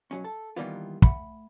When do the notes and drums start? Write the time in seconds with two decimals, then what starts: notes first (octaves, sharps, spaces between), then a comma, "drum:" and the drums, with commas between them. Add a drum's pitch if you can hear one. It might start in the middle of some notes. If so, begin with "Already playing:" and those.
0.11 B1 F#3 C#4
0.24 A4
0.56 D#3 E3 G3 A#3 B3 F4
1.02 A3 F#5 B5, drum: kick